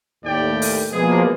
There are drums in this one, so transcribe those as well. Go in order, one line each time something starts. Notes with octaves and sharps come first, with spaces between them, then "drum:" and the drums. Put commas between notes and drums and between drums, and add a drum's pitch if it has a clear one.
D#2 A2 G4 D5 G5
drum: open hi-hat
B2 E3 F3 G#3 A#3 G#4